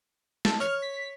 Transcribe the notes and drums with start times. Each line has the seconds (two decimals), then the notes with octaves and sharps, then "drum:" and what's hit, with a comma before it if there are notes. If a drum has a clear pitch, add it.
0.45 A5, drum: snare
0.60 C#5 F6
0.82 B6